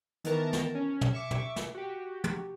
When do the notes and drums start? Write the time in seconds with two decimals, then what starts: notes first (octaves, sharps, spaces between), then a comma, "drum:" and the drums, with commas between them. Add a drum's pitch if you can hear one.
0.24 D#3 E3 B3 A#4 A5 A#5, drum: hi-hat
0.53 drum: snare
0.75 C#4
1.01 drum: tom
1.13 E5 C#6 D6
1.31 drum: tom
1.56 drum: snare
1.75 F#4 G4
2.24 drum: tom